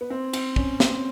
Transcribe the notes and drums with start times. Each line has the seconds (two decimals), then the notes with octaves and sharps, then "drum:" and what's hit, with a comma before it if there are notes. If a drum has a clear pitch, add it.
0.01 B3
0.10 C4
0.33 C4, drum: cymbal
0.56 C#4, drum: kick
0.80 C4, drum: snare